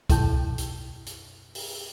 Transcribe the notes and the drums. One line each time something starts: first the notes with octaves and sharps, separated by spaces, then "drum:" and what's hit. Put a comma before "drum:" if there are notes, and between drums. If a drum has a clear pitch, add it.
F#2 B2 E4 G5 A5 G6, drum: kick B1, hi-hat
drum: hi-hat
drum: hi-hat
drum: open hi-hat